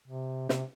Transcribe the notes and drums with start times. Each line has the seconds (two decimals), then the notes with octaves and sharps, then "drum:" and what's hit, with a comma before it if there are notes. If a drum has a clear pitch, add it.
0.08 C3
0.49 C3, drum: snare